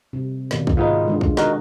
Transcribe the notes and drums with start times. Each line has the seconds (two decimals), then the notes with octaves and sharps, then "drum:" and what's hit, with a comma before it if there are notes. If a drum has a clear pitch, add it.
0.13 C3
0.51 B2 D#3 A#3, drum: snare
0.67 drum: kick
0.77 G#2 B3 D#4 F4
1.08 D3 G#3
1.21 drum: kick
1.37 D#4 F#4 A#4, drum: snare